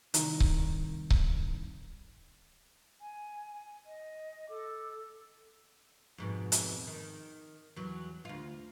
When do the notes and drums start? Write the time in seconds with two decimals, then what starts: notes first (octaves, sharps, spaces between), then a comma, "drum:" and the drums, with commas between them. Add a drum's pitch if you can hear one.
0.14 C2 D#3, drum: hi-hat
0.40 drum: kick C#1
1.10 drum: kick C#1
3.01 G#5
3.86 D#5
4.49 A4 D6
6.18 F2 G#2 B2
6.52 drum: hi-hat
6.87 D#3
7.76 E2 F#3
8.25 D2 F4